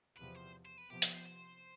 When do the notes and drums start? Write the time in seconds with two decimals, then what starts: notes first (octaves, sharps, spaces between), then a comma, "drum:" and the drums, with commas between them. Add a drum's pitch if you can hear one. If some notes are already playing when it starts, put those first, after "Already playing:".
0.17 E2 C3 F3 B4
0.35 C5
0.65 C5
0.78 B4
0.90 C3 F3 B3 G4
1.02 F4, drum: hi-hat
1.13 C5
1.26 C5